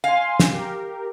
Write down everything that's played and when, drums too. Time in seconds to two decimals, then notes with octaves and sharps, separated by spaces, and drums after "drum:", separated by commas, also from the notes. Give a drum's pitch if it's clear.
0.04 F5 G#5 C6
0.40 drum: snare
0.52 G4 A#4